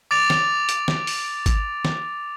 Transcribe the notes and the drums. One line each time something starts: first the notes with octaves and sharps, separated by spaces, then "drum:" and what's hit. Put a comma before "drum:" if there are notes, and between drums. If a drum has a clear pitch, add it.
D6 A6 D7 F7
drum: snare
drum: hi-hat
drum: snare
drum: open hi-hat
drum: kick G#1, hi-hat
drum: snare